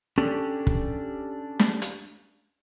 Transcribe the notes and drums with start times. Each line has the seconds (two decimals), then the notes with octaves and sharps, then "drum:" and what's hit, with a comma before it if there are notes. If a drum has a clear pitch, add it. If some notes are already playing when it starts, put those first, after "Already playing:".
0.18 C#4 D4 G4 A4 D5
0.67 drum: kick
1.59 drum: snare
1.82 drum: hi-hat